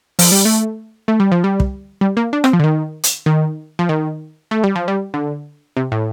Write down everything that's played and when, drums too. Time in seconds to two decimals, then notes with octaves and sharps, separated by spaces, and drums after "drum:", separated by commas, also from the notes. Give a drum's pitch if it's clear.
0.19 F3, drum: open hi-hat
0.32 G3
0.45 A3
1.08 A3
1.20 G3
1.32 F3
1.44 G3
1.60 drum: kick
2.01 G3
2.17 A#3
2.33 D4
2.44 C4, drum: rim click
2.53 F3
2.59 D3
2.64 D#3
3.04 drum: hi-hat
3.26 D#3
3.79 F3
3.89 D#3
4.51 A3
4.64 G3
4.76 F3
4.88 G3
5.14 D3
5.77 C3
5.92 A2